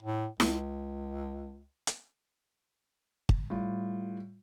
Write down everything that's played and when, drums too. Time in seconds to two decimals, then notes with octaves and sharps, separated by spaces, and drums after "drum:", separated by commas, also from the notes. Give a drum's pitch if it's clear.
0.03 A2
0.40 C#2, drum: snare E4
1.87 drum: hi-hat
3.29 drum: kick
3.50 A2 G3 F4